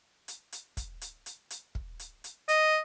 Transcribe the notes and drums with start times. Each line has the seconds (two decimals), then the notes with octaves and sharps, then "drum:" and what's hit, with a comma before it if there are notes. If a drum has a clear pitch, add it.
0.28 drum: hi-hat
0.52 drum: hi-hat
0.77 drum: kick, hi-hat
1.01 drum: hi-hat
1.26 drum: hi-hat
1.50 drum: hi-hat
1.75 drum: kick
1.99 drum: hi-hat
2.24 drum: hi-hat
2.49 D#5, drum: hi-hat